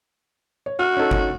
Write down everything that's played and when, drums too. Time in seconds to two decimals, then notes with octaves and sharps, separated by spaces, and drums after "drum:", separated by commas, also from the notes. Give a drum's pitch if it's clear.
0.66 C#5
0.79 F#4 F6
0.97 C#4 D#4 A4
1.11 drum: kick G1